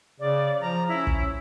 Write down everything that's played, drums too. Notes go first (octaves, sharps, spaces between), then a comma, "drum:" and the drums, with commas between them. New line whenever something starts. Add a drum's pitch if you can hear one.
C#3 D5
F3 A#5
C#4 E4
drum: kick